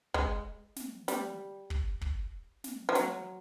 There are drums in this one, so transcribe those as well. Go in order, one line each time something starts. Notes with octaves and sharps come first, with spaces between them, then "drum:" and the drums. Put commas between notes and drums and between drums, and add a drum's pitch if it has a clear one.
G#3, drum: kick
drum: snare
G3, drum: snare
drum: kick
drum: kick
drum: snare
F3
F#3, drum: snare